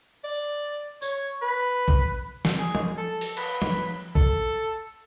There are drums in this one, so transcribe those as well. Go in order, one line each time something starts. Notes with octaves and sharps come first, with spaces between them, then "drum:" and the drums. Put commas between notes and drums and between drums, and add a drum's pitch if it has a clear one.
D5
C#5, drum: tambourine
B4
drum: kick
drum: snare
G#4
drum: tom F3
A4
drum: open hi-hat
B4, drum: cymbal
drum: tom F3
A4, drum: kick